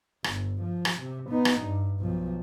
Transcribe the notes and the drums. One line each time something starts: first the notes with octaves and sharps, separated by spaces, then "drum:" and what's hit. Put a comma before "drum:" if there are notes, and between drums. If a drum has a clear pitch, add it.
G1, drum: rim click
F3
drum: rim click
C3
B3 D#4
drum: rim click
G2
B1 F3